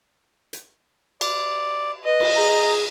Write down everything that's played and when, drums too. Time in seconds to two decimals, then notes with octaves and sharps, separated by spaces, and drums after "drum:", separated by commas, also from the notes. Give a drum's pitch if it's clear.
0.53 drum: hi-hat
1.21 D5, drum: cymbal
2.04 B4 D#5
2.20 drum: cymbal
2.36 G#4 A#5